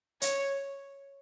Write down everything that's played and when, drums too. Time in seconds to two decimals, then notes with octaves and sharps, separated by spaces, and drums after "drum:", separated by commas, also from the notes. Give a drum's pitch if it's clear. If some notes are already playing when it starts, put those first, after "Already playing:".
0.22 C#5, drum: hi-hat